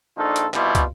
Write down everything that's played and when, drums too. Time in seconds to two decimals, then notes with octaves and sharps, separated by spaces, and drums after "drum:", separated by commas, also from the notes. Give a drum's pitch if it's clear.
0.16 A#1 D4 D#4 F4 A4
0.36 drum: hi-hat
0.54 C2 B2 G3 E4 F4, drum: clap
0.75 drum: kick, hi-hat